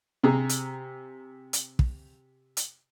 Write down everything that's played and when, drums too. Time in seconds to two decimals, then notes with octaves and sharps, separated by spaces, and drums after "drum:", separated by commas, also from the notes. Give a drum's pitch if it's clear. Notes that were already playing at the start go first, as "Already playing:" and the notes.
0.23 C3 G#4 A#5
0.49 drum: hi-hat
1.53 drum: hi-hat
1.79 drum: kick
2.57 drum: hi-hat